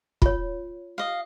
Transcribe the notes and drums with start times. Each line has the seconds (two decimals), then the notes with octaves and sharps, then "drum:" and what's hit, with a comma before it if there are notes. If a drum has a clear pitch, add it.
0.22 F4 C#5, drum: kick
0.98 D#5 F5